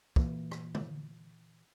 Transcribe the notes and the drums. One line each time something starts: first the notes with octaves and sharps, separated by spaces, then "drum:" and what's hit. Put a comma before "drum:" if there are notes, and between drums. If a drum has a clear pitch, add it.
A#2 E3 A#3, drum: kick
drum: rim click
drum: tom